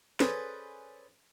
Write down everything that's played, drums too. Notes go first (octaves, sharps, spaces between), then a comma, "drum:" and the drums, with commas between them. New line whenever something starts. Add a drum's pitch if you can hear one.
C#4 G#4 A4 B4 C5 D5, drum: snare